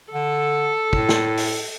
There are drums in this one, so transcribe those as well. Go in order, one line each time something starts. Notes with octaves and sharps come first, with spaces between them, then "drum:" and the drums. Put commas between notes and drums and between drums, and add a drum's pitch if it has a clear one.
D3 A4
A2, drum: kick
drum: snare
drum: open hi-hat